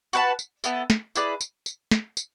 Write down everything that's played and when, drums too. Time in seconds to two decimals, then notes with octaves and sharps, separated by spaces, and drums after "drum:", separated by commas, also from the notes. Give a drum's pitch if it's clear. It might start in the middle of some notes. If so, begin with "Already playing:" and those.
0.13 F#4 B4 F#5 A5, drum: tambourine
0.39 drum: tambourine
0.64 B3 E4 A4, drum: tambourine
0.90 drum: snare
1.16 E4 G#4 B4 D5, drum: tambourine
1.41 drum: tambourine
1.66 drum: tambourine
1.91 drum: snare
2.17 drum: tambourine